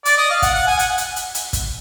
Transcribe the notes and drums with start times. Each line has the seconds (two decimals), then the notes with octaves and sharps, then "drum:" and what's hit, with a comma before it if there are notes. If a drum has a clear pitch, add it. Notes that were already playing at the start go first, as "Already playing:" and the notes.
0.05 D5, drum: hi-hat
0.18 D#5
0.30 F5
0.42 F#5, drum: kick, hi-hat
0.55 F#5
0.67 G#5
0.79 F#5, drum: hi-hat
0.98 drum: hi-hat
1.16 drum: hi-hat
1.35 drum: hi-hat
1.53 drum: kick, hi-hat